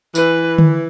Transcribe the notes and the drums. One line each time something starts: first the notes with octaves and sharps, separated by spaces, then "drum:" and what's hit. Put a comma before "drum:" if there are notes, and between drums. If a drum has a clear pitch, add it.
E3 B4, drum: tambourine
drum: tom D3